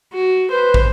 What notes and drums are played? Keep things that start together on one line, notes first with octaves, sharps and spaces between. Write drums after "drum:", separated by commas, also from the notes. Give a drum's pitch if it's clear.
F#4
B4 C5
drum: kick